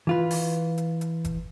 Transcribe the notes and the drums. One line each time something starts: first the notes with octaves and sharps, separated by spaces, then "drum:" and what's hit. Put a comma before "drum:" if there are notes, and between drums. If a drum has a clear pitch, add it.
E3 F4 B4
drum: open hi-hat
drum: hi-hat
drum: hi-hat
drum: kick F#1, hi-hat